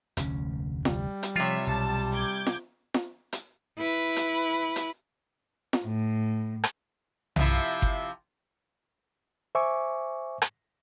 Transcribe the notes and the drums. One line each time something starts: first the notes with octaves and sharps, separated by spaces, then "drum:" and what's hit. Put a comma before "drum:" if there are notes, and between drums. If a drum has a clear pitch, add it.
F1 D2 C#4, drum: hi-hat
G3, drum: snare F4
drum: hi-hat
C3 F3 F4 C#5 E5
B1 A5
D6 G6 G#6
drum: snare F4
drum: snare F4
drum: hi-hat
E4 B4
drum: hi-hat
drum: hi-hat
drum: snare F4
A2
drum: rim click
C3 F3 E4, drum: tom B1
drum: kick G1
C5 E5 G#5 C#6 D6
drum: rim click